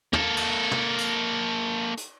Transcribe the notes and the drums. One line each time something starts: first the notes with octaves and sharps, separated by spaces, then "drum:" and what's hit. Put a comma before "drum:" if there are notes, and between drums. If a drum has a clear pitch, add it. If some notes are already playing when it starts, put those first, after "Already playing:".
A#3 A4, drum: tom
drum: cymbal
drum: tom
drum: tambourine
drum: hi-hat